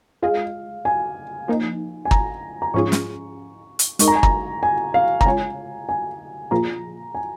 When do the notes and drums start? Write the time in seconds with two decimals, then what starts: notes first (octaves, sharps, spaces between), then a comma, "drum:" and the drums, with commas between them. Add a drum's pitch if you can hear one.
0.22 G#3 F4 G#4 D#5 F5
0.85 G#5
1.48 F3 A#3 D#4
2.05 G#5
2.11 A#5, drum: kick
2.62 A#5
2.74 G#2 F3 C#4 F4 G#4 C#6
2.92 drum: snare
3.79 drum: hi-hat
3.99 G#3 D#4 A#4 D#5 C#6, drum: hi-hat
4.08 A#5
4.15 G#5
4.23 A#5, drum: kick
4.63 G#5
4.94 F5
5.21 A#5, drum: kick
5.25 C#3 G#3 F4 C#5 G#5
5.89 G#5
6.51 A#2 F3 A#3 F4 G#4 A#5
7.15 G#5